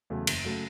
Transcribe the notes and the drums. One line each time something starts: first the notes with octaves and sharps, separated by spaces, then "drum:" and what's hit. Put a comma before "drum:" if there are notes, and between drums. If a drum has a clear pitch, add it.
E2 C#3 F#3 A3
F#1, drum: cymbal
C#3 F#3 A3